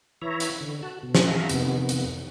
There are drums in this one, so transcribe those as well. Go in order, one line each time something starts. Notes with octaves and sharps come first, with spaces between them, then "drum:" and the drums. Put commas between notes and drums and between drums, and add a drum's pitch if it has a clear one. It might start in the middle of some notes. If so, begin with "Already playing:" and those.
E3 E4 C#5 E5 A#5
drum: hi-hat
D3
F#4 A5 F#6
B2
drum: snare
E5 F5 A#5
F2 C3 D#3 B3, drum: hi-hat
drum: hi-hat